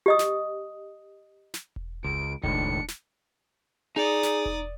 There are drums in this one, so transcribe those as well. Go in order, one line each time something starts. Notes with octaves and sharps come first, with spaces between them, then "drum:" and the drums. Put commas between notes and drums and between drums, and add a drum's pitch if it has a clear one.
G4 D#5 D#6
drum: snare
drum: snare
drum: kick E1
C#2 D7
C#2 A2 D#3 D4 C#7, drum: kick E1
drum: snare
D#4 G#4 D5 A#5 D#6
drum: snare
drum: kick E1